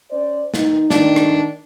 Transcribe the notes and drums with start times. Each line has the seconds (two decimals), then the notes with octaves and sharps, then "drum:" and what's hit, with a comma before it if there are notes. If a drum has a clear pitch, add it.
0.10 C#4 C5 D5
0.54 D#3 D#4, drum: snare
0.90 D#3 D4, drum: snare
1.16 drum: rim click